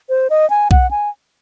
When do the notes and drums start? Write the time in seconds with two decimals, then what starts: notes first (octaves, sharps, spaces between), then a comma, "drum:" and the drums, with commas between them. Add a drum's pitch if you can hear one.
0.09 C5
0.30 D#5
0.50 G#5
0.71 F#5, drum: kick B1
0.91 G#5